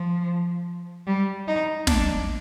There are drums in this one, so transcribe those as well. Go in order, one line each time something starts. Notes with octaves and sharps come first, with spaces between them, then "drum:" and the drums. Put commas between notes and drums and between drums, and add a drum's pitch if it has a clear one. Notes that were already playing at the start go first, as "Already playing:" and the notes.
Already playing: F3
G3
D#4
D4, drum: snare